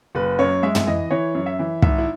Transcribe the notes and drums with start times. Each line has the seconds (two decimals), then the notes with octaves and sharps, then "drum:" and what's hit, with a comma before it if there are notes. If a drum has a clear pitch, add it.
0.15 F#1 B4
0.39 F#2 C#5
0.63 G#3 E5
0.75 drum: tom
0.87 E3 D#5
1.11 E3 C#5
1.35 F#2
1.46 E5
1.59 E3
1.82 G#1 E5, drum: kick
1.98 E4